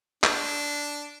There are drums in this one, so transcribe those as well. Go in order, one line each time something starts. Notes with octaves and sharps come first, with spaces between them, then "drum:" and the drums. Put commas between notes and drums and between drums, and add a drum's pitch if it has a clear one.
D4, drum: clap